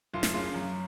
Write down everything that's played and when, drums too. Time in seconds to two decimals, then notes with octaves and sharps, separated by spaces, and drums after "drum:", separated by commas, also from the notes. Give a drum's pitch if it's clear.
0.14 F#1 F4
0.23 drum: snare
0.34 C#3 F4
0.54 F#2